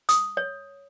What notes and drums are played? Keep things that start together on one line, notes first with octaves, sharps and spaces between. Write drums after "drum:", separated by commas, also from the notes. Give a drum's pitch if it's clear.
D#6, drum: hi-hat
C#5